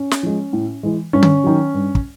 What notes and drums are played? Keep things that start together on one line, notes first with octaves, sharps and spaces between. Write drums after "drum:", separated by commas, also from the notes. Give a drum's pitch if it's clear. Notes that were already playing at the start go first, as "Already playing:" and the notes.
Already playing: C#4
drum: snare
F3 G#3
A2
E3 G#3
G2 C#4
drum: tom D3
D#3 F#3
G2
drum: kick